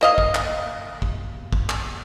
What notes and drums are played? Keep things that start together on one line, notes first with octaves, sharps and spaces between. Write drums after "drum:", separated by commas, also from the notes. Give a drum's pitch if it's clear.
A#3 D#5 F5
drum: kick
drum: clap
drum: kick
drum: kick
drum: clap